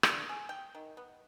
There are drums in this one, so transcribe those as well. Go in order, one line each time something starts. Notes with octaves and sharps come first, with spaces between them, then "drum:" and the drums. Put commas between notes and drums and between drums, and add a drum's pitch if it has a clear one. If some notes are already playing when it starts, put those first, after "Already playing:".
D4, drum: rim click
G#4
G5
D#3
B3